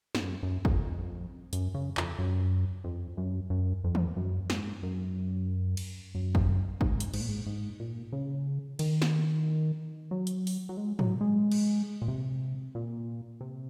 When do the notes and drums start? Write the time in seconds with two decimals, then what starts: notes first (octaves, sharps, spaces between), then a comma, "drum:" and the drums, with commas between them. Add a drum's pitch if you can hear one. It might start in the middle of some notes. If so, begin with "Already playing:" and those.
0.15 G#2, drum: snare
0.21 F#2
0.43 F#2
0.65 F2, drum: kick
1.53 F#2, drum: hi-hat
1.74 C#3
1.97 F2, drum: clap
2.19 F#2
2.84 F2
3.17 F#2
3.50 F#2
3.84 F2
3.95 drum: tom D#3
4.17 F#2
4.50 G#2, drum: snare
4.83 F#2
5.77 drum: cymbal
6.15 F#2
6.35 drum: kick
6.81 G#2, drum: kick
7.00 drum: hi-hat
7.14 G#2, drum: cymbal
7.21 A#2
7.28 G#2
7.46 G#2
7.80 A#2
8.12 C#3
8.79 D#3, drum: cymbal
9.02 drum: snare
10.11 F#3
10.27 drum: hi-hat
10.47 drum: open hi-hat
10.69 F#3
10.77 G#3
10.99 F#3, drum: tom G#2
11.21 G#3
11.52 drum: cymbal
12.02 A#2
12.08 C3
12.75 A#2
13.41 C3